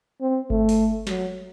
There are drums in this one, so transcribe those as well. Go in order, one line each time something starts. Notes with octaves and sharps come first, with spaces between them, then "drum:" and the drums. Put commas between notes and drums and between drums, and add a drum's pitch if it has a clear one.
C4
A3, drum: kick G1
drum: open hi-hat
F#3, drum: snare